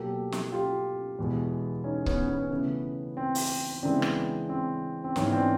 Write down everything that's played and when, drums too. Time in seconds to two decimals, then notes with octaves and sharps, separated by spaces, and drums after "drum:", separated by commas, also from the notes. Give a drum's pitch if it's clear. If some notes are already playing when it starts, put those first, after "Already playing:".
Already playing: B2 F#3 A#3 G4 A4
0.32 drum: snare
0.51 F4 G4
1.19 E2 B2 G#3
1.84 C#4 D#4
2.06 B3 C#4, drum: kick C#1
2.28 B3 C#4
2.51 C#3 E3 A3 B3
3.17 C4
3.35 drum: open hi-hat
3.83 C#3 E3 G#3 B3 C4 D4
4.02 drum: rim click
4.49 C4
5.04 C4
5.16 G#2 E3 G3 B3 C#4, drum: snare
5.32 C4 D4